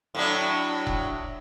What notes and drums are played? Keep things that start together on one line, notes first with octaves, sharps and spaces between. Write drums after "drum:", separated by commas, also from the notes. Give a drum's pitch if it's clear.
A2 F#3 D4
drum: kick E1